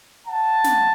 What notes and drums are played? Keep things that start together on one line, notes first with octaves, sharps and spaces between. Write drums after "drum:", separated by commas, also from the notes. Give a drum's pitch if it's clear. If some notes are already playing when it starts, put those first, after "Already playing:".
F#5 A5
G4, drum: snare